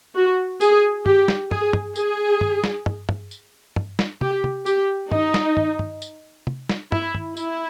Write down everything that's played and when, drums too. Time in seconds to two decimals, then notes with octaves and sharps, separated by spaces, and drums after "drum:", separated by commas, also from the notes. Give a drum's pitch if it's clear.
0.15 F#4
0.61 G#4, drum: tambourine
1.06 G4, drum: tom
1.28 drum: snare
1.51 G#4, drum: tom
1.73 drum: tom
1.96 G#4, drum: tambourine
2.41 drum: tom
2.64 drum: snare
2.86 drum: tom
3.09 drum: tom
3.31 drum: tambourine
3.76 drum: tom
3.99 drum: snare
4.21 G4, drum: tom
4.44 drum: tom
4.66 G4, drum: tambourine
5.11 D#4, drum: tom
5.34 drum: snare
5.57 drum: tom
5.79 drum: tom
6.02 drum: tambourine
6.47 drum: tom
6.69 drum: snare
6.92 E4, drum: tom
7.15 drum: tom
7.37 E4, drum: tambourine